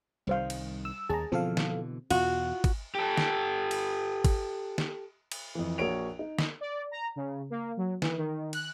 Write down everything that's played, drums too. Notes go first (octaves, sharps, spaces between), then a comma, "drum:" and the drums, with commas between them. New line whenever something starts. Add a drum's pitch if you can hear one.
C2 D#3 G3 C5 F5
drum: cymbal
E6
D#2 G#4 A5 A#5
B2 D3 E3 F3 C4 A4 F5
drum: snare
E2 B2 F4 F#4, drum: cymbal
drum: kick, cymbal
G4 A4
drum: snare
drum: cymbal
drum: kick, cymbal
drum: snare
drum: cymbal
F2 E3
A#1 F#4 A#4 C#5 D7 F7
D#4
drum: snare
D5
A#5
C#3
A#3
F#3
E3, drum: snare
D#3
F#6, drum: cymbal